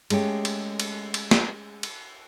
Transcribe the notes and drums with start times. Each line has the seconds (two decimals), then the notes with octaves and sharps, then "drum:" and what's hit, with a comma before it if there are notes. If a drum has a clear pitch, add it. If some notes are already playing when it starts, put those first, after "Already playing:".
0.10 G#3 A3 C#4 G4, drum: cymbal
0.45 drum: cymbal
0.80 drum: cymbal
1.14 drum: cymbal
1.31 drum: snare
1.83 drum: cymbal